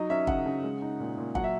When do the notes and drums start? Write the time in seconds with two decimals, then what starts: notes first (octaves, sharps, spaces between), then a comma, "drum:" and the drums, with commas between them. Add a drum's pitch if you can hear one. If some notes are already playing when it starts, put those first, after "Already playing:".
Already playing: F#3 D#4 D#5
0.10 C#4 E5
0.27 C#3 F#5, drum: kick
0.46 C#3
0.63 G#3
0.82 D#4
1.00 A#2
1.18 A#2
1.35 F#3 F#5, drum: kick
1.44 E5